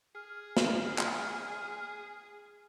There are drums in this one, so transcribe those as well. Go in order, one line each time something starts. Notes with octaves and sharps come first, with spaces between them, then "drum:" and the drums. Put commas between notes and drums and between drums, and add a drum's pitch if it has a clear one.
G#4 F6
drum: snare
drum: clap